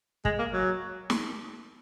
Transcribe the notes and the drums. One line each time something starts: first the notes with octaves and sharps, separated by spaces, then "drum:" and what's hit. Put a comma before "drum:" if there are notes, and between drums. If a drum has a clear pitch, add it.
G#3, drum: kick
A#3
F#3
drum: snare